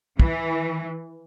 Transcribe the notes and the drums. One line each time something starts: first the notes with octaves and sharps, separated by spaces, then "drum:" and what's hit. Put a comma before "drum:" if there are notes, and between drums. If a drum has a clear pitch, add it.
E3, drum: kick